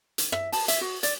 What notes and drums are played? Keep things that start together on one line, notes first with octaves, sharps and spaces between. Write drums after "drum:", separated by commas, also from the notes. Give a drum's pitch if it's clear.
drum: hi-hat
E5, drum: rim click
A5, drum: open hi-hat
E5, drum: hi-hat
F#4
D5, drum: hi-hat